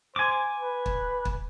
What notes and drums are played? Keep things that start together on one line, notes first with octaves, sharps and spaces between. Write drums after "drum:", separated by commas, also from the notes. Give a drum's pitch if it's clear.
C5 G#5 D6
B4
drum: kick
drum: kick